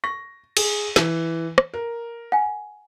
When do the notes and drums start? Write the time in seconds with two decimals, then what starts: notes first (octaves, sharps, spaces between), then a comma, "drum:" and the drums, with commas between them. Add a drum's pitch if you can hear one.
0.04 C#6 A#6
0.57 G#4, drum: cymbal
0.96 E3, drum: snare
1.58 drum: rim click
1.74 A#4
2.32 F#5 G#5